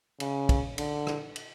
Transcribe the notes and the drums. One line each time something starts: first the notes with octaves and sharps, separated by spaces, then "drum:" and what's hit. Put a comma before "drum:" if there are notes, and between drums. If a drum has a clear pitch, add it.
C#3, drum: cymbal
drum: kick, cymbal
D3, drum: cymbal
drum: rim click
drum: cymbal